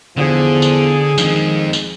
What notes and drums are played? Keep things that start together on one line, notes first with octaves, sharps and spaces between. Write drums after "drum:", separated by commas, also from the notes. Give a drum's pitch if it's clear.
E2 D3 F3 G#4
drum: tambourine
D#3 F3 G#3 C4, drum: tambourine
drum: tambourine